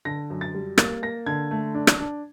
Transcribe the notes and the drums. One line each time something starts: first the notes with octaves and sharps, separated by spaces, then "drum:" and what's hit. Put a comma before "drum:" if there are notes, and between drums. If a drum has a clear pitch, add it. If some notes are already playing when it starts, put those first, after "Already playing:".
D3 A#6
F#2
A6
G3
A#3 A6, drum: rim click
A#3 A#6
D3 G#6
A3
D4
drum: rim click
D4